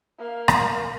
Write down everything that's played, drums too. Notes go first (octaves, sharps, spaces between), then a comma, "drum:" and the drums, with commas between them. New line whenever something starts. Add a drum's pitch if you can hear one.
A#3 F5
drum: rim click